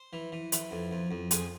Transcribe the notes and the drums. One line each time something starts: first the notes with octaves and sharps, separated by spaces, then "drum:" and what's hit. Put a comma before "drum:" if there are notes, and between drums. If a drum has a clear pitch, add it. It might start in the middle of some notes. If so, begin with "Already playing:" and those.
Already playing: C5
E3
E3
E3, drum: hi-hat
F2
F2
F2
F2 G#4, drum: hi-hat